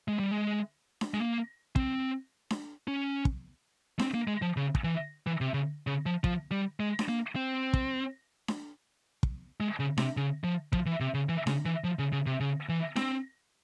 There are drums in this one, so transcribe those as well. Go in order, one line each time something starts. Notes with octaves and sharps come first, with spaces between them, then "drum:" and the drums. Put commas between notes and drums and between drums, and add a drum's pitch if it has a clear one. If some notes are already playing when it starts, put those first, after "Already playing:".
G#3
G3
G#3
drum: snare D4
G#3
A#3
C4, drum: kick
drum: snare D4
C#4
drum: kick
C4, drum: snare D4
A#3
G#3
F3
C#3
drum: kick
E3
E3
C3
C#3
C#3
F3
F3, drum: kick
G3
G#3
drum: snare D4
A#3
C4
drum: kick
drum: snare D4
drum: kick
G#3
C#3
C3, drum: snare D4
C#3
F3
F3, drum: kick
E3
C3
C#3
E3
C#3, drum: snare D4
E3
F3
C#3
C#3
C3
C#3
E3
C4, drum: snare D4